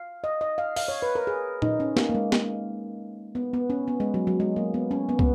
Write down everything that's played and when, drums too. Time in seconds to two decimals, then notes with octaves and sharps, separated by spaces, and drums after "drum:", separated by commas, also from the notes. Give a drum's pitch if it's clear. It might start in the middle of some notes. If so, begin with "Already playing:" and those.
Already playing: F5
0.24 D#5
0.41 D#5
0.58 F5
0.76 F5, drum: open hi-hat
0.88 C#5
1.02 B4
1.15 A#4
1.27 G#4
1.62 D#4, drum: tom A#2
1.80 C#4
1.97 A#3, drum: snare
2.09 A#3
2.15 G#3
2.32 A#3, drum: snare
3.35 B3
3.54 B3
3.70 C#4
3.88 B3
4.00 G#3
4.14 F#3
4.27 F#3
4.40 G#3
4.56 A#3
4.74 B3
4.91 C#4
5.09 B3
5.19 B3, drum: kick